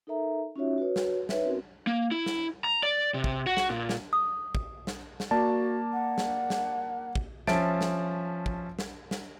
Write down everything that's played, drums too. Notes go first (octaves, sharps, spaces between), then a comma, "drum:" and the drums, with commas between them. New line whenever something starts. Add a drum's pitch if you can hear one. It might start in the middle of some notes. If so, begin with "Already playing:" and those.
D#4 A4 A#4 E5 A#5
C#4 D#4 F4 F#4 C#5 E5
F#4 B4 C#5
drum: snare
D#4 B4 C#5 E5, drum: snare
C4 C#4 F#4 A#4
A#3
E4
drum: snare
A#5
D5
C3
drum: kick
F#4
drum: snare
A#2
drum: snare
D#6
drum: kick
drum: snare
drum: snare
A#3 F#4 D5 A5
F#5
drum: snare
drum: snare
drum: kick
F3 C#4 E5 A5 A6 D7, drum: snare
drum: snare
drum: kick
drum: snare
drum: snare